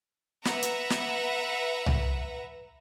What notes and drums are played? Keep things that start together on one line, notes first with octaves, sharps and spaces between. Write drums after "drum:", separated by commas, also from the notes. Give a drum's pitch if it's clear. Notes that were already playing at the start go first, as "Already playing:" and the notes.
B4 E5 F#5 A#5, drum: snare
drum: hi-hat
drum: snare
drum: tom C2